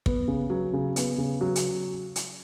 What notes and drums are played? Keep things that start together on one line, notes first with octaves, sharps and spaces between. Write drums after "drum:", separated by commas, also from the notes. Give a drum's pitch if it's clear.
B3, drum: kick
C#3
F#3
C#3
B3, drum: hi-hat
C#3
F#3
drum: hi-hat
drum: hi-hat